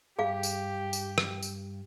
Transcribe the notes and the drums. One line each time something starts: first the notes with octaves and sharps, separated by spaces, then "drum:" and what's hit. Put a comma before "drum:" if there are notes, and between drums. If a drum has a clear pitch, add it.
G2 G4 G#4 F5
drum: tambourine
drum: tambourine
drum: rim click
drum: tambourine